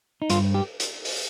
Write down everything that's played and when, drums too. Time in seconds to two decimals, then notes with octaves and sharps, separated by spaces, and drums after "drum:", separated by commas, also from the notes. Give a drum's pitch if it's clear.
0.22 D#4
0.30 G2 F4, drum: hi-hat
0.54 G4
0.80 drum: hi-hat
1.05 drum: open hi-hat